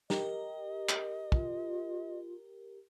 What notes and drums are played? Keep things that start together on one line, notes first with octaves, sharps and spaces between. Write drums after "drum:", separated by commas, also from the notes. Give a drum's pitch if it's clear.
G4 A#4 D#5, drum: snare
drum: clap
F4, drum: kick